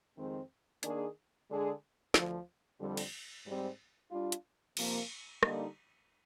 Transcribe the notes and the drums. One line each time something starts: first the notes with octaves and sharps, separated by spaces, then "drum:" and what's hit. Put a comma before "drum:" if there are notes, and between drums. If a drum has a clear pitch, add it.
F2 D#3 G#3 C4
D#3 A#3 D4 G#4, drum: hi-hat
D3 G#3 D4 G#4
D2 D3 F3, drum: snare
F2 D3 G3
drum: cymbal
G#2 G3 C4
G3 D4 F4
drum: hi-hat
C3 F3 A#3, drum: cymbal
D3 G3 A#3 D#4, drum: rim click